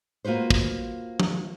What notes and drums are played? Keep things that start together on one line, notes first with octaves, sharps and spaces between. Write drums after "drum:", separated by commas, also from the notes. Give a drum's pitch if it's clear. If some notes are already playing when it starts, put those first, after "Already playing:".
A#3 F4 F#4 B4 C5
drum: kick
drum: tom F3